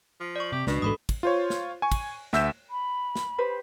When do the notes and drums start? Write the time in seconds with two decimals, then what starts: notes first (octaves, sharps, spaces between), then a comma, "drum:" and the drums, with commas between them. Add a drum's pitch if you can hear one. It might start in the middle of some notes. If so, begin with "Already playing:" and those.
0.20 F3
0.36 D5 C#6
0.52 C3 G4
0.67 C#2 B2 D4, drum: snare
0.82 D1 A1 G#2 A4 B5 D#6
1.09 drum: kick, cymbal
1.23 F4 C5 C#5
1.50 drum: snare
1.82 G#5 C#6
1.92 drum: kick, cymbal
2.33 D2 E5 E6 G6 B6 E7, drum: snare
2.70 B5
3.16 drum: snare
3.38 G4 B4 C5